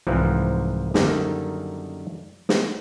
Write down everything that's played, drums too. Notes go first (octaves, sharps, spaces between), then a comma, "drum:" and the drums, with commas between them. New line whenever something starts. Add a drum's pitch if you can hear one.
C2 G#2 E3 F3 C4
F#2 D3 D#3 G3 A#3 D#4, drum: snare
drum: snare